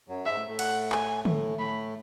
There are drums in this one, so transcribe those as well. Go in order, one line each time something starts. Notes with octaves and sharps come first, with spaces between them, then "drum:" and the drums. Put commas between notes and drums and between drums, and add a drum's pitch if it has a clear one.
F#2 F#3
G#2 G#3 E5
A2 A3
A2 A3
F#5, drum: cymbal
G#5, drum: clap
A2 A3, drum: tom D3
A2 A3 B5